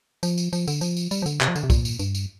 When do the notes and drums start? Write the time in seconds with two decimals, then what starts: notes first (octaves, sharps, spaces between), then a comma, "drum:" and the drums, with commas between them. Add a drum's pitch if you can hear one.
0.23 F3, drum: tambourine
0.38 drum: tambourine
0.53 F3, drum: tambourine
0.68 D3, drum: tambourine
0.81 F3, drum: tambourine
0.97 drum: tambourine
1.11 G3, drum: tambourine
1.22 F3
1.26 D3, drum: tambourine
1.41 C3, drum: clap
1.48 F3
1.56 D3, drum: tambourine
1.63 C3
1.70 A#2, drum: kick, tambourine
1.85 drum: tambourine
1.99 G2, drum: tambourine
2.15 drum: tambourine